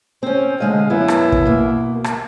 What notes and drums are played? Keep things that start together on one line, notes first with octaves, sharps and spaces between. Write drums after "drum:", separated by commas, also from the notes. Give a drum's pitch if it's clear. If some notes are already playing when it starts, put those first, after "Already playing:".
C4 C#4 C5
D3 G#3 D#5 F5
F#2 B3 E4
drum: rim click
drum: kick
B2 A#3
drum: rim click